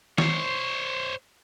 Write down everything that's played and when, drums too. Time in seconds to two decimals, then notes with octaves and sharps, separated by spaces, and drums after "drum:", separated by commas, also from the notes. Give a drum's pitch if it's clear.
0.18 C5 C#5, drum: snare